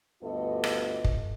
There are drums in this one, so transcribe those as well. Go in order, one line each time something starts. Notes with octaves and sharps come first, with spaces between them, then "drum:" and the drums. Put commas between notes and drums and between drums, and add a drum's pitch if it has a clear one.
D2 G2 B3 F4 A4 D#5
drum: rim click
drum: kick